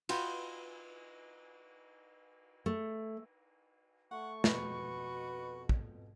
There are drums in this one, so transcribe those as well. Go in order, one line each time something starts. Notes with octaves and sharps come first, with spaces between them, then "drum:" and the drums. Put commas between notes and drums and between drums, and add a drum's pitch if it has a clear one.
F4 F#4 B4 G5, drum: cymbal
A3
A3 F#5 C#6
F2 B2 F#4 G#4 B4, drum: snare
drum: kick